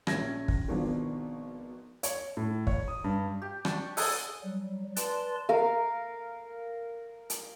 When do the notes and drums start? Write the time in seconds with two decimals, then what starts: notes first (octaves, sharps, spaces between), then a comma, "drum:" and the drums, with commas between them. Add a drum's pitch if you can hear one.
0.07 A#1 C#4 E5 G#6 A#6, drum: rim click
0.48 drum: kick
0.68 G#1 B2 D#3 F3 D4
2.03 C#5, drum: hi-hat
2.37 A2
2.67 C#5, drum: kick
2.88 D#6
3.04 G2
3.42 G4
3.65 D4 C#6, drum: rim click
3.97 G#4 A4 F#5, drum: open hi-hat
4.43 F#3 G3
4.96 B4 D5 A5 C6, drum: hi-hat
5.49 A#4 F5
7.30 drum: hi-hat